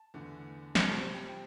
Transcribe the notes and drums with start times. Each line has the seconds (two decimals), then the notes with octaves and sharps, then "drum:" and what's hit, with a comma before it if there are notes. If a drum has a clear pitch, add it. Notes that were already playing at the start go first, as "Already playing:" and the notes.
Already playing: A5
0.14 E2 D3 A3
0.75 drum: snare
0.89 F2 C3 G3 C4 A5
1.14 G5